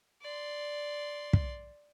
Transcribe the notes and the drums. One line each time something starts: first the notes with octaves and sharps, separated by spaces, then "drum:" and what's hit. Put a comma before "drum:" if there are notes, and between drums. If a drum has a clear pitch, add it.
D5 C6
drum: kick